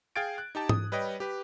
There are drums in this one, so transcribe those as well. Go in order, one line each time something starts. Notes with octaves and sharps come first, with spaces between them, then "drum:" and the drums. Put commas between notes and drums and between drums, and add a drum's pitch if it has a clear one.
G#4 F5 G5 G#6 A6 D7
F#6
D#4 G4 A5
D#6, drum: tom G#2
G3 B4 C#5 D#5 G5
G4 B4